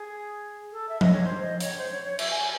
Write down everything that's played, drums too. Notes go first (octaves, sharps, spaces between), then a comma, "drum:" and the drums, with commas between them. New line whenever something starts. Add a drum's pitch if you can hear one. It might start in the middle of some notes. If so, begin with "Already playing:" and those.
Already playing: G#4
A4
E5
D#5, drum: tom F3
C#5
C5
D#5
C#5, drum: hi-hat
C5
C#5
C#5
E5, drum: cymbal
G#5